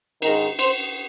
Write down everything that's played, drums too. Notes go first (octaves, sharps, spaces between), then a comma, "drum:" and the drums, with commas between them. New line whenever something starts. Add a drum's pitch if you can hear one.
G#2 D#3 A#4, drum: cymbal
C5, drum: cymbal